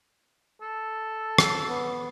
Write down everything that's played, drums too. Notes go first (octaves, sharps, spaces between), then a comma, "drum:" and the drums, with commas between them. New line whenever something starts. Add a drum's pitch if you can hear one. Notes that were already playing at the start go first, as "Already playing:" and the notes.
A4
drum: rim click
B3